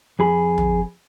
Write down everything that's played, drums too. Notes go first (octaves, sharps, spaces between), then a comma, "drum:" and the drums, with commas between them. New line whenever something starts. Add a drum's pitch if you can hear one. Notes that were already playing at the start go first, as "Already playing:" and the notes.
F2 G#4 B5
drum: tom